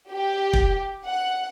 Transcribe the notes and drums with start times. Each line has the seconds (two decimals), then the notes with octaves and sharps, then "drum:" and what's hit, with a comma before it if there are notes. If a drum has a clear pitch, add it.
0.11 G4
0.53 drum: kick
1.05 F#5